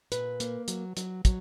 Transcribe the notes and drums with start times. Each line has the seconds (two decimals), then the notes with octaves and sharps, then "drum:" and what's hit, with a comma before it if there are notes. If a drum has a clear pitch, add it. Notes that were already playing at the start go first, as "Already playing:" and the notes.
0.12 A#2 B4, drum: hi-hat
0.40 A#3, drum: hi-hat
0.68 F#3, drum: hi-hat
0.97 F#3, drum: hi-hat
1.25 F#3, drum: kick, hi-hat